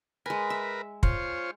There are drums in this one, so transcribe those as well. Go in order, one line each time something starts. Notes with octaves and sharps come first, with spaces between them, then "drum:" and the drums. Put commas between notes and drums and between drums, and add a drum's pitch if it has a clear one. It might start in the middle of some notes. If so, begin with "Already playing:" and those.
G#3 A#4 B4 G#5
E5
F4 C5 C#5, drum: kick